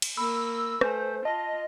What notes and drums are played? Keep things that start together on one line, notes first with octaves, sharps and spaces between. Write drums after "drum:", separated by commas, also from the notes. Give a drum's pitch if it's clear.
drum: cymbal
A#3 B5 E6
A3 B4 C5 G#5, drum: rim click
F4 D#5 A5